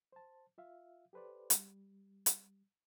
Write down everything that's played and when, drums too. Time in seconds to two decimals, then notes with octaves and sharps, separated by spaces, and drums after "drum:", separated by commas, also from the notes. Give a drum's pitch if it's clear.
0.12 C5 A5
0.58 F4 E5 F5
1.13 G4 A4 B4 C5 D5
1.50 G3, drum: hi-hat
2.26 drum: hi-hat